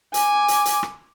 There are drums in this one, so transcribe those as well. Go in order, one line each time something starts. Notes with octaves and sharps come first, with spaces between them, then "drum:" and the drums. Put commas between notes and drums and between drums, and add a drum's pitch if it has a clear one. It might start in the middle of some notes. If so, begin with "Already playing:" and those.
G#5 D6, drum: hi-hat
drum: hi-hat
drum: hi-hat
drum: rim click